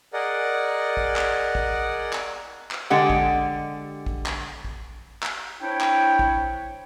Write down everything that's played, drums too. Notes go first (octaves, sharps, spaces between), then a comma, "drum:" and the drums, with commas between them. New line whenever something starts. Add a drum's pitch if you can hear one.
G#4 A#4 D5 D#5 F#5
drum: kick A1
drum: clap
drum: kick A1
drum: clap
drum: clap
D3 G#3 G4 F#5
drum: kick A1
drum: kick A1
drum: clap
drum: kick A1
drum: clap
C4 D4 E4 C#5 G5
drum: clap
drum: kick A1